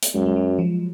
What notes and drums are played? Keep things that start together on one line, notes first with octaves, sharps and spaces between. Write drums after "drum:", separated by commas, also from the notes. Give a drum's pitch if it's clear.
drum: hi-hat
F#2 G#3
G#3
F#3
F3